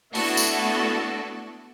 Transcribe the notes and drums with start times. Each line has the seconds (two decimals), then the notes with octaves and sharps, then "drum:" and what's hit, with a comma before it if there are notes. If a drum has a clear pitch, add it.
0.15 A3 B3 D4 E4 F#4 A4, drum: open hi-hat
0.37 drum: tambourine